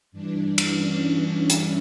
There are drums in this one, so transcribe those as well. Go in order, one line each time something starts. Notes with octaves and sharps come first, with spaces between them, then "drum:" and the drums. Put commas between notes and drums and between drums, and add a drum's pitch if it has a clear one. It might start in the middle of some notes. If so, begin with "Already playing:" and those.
G2 E3 D4
D4
drum: cymbal
C#4
D4
C#4 E4, drum: hi-hat